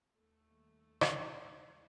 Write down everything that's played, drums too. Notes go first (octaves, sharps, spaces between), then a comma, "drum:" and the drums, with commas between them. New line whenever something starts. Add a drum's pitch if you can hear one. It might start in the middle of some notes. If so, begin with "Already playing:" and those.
D#2 A3
D#3 G3 A#3
D#2
drum: rim click
D#3 G3 A#3
C#3 G#3